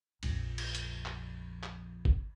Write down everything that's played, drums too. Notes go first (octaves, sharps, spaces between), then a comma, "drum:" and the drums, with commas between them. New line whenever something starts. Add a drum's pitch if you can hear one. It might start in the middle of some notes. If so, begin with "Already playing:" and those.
A#1 F2, drum: cymbal
drum: cymbal
drum: hi-hat
drum: clap
drum: clap
drum: kick F#1